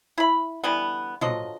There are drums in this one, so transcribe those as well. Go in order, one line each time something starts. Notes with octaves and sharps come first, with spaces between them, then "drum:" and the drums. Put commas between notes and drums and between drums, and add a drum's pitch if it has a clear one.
E4 B5
D3 E3 G3 B3
D3 F3 F#3 D#5, drum: tom